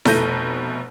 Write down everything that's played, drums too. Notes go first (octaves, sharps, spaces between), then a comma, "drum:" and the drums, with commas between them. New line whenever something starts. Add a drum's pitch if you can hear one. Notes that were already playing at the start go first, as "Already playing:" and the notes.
F1 B2 A3 G6 A#6 D#7, drum: snare E4